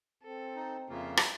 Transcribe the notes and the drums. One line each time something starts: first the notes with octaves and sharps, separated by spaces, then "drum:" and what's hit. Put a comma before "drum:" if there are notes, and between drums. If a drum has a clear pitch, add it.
C4 A4
D#4
F2 C#3 A#3 F4 E5
drum: rim click